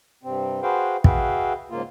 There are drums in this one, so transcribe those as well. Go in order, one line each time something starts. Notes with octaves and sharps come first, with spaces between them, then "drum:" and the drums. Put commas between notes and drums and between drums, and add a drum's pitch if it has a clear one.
G2 C3 C4
F#4 G#4 B4 C5 F5 G5
F#4 G#4 B4 E5 F5 G5, drum: kick
G#2 C#3 A#3 F4